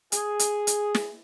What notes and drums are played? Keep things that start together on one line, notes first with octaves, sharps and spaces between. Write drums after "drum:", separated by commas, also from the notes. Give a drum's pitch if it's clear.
G#4, drum: hi-hat
drum: hi-hat
drum: hi-hat
drum: snare